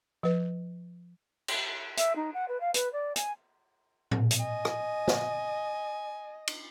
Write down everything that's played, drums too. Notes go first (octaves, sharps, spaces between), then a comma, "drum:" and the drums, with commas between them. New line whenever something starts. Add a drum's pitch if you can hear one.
F3 B4
drum: cymbal
E5, drum: hi-hat
D#4
F#5
B4
F5
B4, drum: hi-hat
D5
G#5, drum: hi-hat
drum: tom A2
drum: hi-hat
D#5 G#5
drum: rim click
drum: snare
drum: cymbal